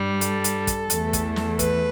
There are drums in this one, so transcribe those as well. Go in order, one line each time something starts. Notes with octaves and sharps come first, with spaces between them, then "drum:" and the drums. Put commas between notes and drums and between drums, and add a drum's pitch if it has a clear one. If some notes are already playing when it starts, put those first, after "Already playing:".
Already playing: G2 G3
A4, drum: hi-hat
drum: hi-hat
drum: kick, hi-hat
E2 E3 A3, drum: hi-hat
drum: kick, hi-hat
drum: snare
B4, drum: kick, hi-hat